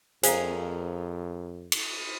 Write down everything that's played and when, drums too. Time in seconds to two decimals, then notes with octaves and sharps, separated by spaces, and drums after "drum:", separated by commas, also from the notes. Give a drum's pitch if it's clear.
0.23 F2 G#4 A#4 C5 F5, drum: hi-hat
1.72 drum: cymbal